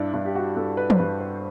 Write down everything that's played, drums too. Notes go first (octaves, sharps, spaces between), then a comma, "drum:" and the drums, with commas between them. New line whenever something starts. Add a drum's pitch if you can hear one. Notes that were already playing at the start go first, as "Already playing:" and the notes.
Already playing: G2 D4 E4
G2 D4
G4
F#4
G2 A4
B4
C5, drum: tom
G2 B4
B4